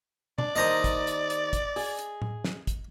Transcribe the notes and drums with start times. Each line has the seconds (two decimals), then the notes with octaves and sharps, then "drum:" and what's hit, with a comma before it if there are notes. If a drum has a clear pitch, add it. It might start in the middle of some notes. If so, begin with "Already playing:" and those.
0.38 D4 D5, drum: tom B2
0.56 D#2 D#3 C5 D#5 A#5 D#6
0.84 drum: kick, hi-hat
1.07 drum: hi-hat
1.30 drum: hi-hat
1.53 drum: kick, hi-hat
1.76 G#4, drum: open hi-hat
1.99 drum: hi-hat
2.22 drum: tom A2
2.44 drum: snare
2.67 drum: kick, hi-hat